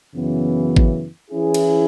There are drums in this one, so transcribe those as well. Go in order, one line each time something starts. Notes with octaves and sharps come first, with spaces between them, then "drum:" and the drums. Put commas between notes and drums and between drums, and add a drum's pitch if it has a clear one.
F#2 C#3 E3 B3
drum: kick G#1
E3 C#4 E4 G#4
drum: cymbal